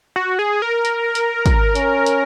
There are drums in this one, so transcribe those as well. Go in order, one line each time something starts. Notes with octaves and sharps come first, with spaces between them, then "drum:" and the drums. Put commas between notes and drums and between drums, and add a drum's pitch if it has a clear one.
F#4
G#4
A#4
drum: hi-hat
drum: hi-hat
drum: kick, hi-hat
C#4, drum: hi-hat
drum: hi-hat